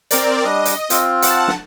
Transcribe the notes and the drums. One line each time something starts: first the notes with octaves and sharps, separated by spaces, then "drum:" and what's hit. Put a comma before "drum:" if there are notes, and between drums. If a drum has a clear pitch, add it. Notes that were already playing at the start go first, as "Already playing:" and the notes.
C4 A#4 D5, drum: hi-hat
G3 D4 D#5
drum: hi-hat
C4 F4, drum: hi-hat
F#5 A5, drum: hi-hat
drum: snare